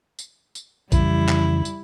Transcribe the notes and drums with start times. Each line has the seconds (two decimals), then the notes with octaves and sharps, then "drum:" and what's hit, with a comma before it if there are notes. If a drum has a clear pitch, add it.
0.19 drum: tambourine
0.55 drum: tambourine
0.92 F2 C#3 E3 G3 E4, drum: kick A#1, tambourine
1.29 drum: clap
1.65 drum: tambourine